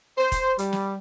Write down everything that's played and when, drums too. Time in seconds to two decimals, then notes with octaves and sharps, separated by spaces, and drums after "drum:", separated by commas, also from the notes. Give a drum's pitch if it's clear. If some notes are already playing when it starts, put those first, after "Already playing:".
0.18 C5
0.32 drum: kick, hi-hat
0.58 G3, drum: hi-hat
0.73 drum: snare